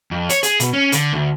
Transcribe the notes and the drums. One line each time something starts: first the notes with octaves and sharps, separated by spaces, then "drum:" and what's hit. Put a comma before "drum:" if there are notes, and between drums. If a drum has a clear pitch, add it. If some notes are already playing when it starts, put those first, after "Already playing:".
F2
C#5, drum: hi-hat
G#4, drum: hi-hat
B2, drum: hi-hat
C#4
D3, drum: hi-hat
D2